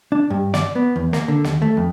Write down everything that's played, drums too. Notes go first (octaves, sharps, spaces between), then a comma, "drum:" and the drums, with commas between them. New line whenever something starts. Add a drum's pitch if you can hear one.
D4
G2
D5, drum: snare
B3
E2
A#3, drum: snare
D3
D#2, drum: snare
A3
F2